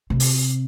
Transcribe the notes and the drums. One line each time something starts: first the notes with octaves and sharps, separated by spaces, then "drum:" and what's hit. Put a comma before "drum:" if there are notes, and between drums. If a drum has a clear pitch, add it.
C3
drum: open hi-hat